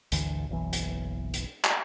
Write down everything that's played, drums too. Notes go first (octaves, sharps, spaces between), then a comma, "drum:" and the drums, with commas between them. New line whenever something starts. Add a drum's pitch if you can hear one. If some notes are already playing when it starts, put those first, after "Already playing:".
G#1 D2 D3 E3, drum: hi-hat
F#1 B1 E3
drum: hi-hat
drum: hi-hat
drum: clap